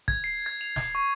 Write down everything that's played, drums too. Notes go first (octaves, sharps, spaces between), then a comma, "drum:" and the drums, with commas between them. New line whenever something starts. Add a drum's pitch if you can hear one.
G#6, drum: kick
C7
G#6
F7
G#6, drum: snare
C#6